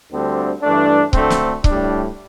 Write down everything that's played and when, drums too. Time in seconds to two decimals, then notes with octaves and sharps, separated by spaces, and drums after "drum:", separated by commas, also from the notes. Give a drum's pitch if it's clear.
0.10 D2 D3 G3 C4
0.62 G2 E3 A3 D4
1.13 D2 D3 A3 C4, drum: kick C#1
1.30 drum: snare
1.64 A2 G3 D4, drum: kick C#1